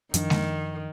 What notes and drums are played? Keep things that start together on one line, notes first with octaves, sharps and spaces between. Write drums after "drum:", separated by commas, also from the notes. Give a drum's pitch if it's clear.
F#2 D#3 F3 D4, drum: hi-hat
drum: snare G#3